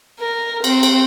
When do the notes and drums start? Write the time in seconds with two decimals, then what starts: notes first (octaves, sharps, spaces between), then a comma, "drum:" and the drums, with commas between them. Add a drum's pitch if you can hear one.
0.20 A#4
0.64 C4, drum: cymbal
0.83 drum: cymbal